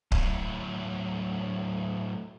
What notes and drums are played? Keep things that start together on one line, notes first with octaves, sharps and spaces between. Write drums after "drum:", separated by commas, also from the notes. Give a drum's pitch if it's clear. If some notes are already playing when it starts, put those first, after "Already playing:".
A2 F#3, drum: kick C#1